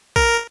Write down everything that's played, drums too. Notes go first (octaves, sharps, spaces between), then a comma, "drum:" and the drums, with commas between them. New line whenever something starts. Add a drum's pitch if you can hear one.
A#4, drum: kick